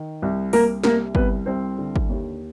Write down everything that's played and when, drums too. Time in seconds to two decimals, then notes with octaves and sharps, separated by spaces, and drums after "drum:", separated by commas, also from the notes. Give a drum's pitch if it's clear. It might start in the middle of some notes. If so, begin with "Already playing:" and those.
Already playing: D#3
0.22 C2
0.53 C2 A#3 A#4, drum: open hi-hat
0.84 C3 A#3 A#4, drum: snare
1.15 C2 B3 B4, drum: kick
1.46 C2 C4 C5
1.78 D3
1.96 drum: kick
2.09 D#2